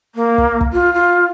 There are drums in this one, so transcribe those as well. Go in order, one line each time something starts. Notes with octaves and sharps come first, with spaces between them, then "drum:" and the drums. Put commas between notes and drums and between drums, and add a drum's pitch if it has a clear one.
A#3
drum: kick
drum: kick
F4
F4